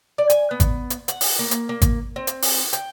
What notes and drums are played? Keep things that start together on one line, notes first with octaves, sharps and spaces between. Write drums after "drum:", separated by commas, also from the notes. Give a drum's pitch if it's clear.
D5
G#5, drum: hi-hat
B3
drum: kick G#1, hi-hat
drum: hi-hat
F#5, drum: hi-hat
drum: open hi-hat
A#3
drum: hi-hat
A#3
drum: kick G#1, hi-hat
C4
drum: hi-hat
drum: open hi-hat
G5, drum: hi-hat